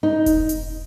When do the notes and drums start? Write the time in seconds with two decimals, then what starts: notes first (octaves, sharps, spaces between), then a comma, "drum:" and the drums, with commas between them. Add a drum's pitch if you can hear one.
0.03 D#4
0.26 drum: kick E1, hi-hat
0.49 drum: hi-hat